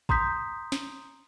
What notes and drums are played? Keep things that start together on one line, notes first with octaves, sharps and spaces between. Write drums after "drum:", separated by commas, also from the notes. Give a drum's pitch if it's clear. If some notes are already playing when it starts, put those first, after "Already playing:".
A#5 C6 D#6 G6 B6, drum: kick
drum: snare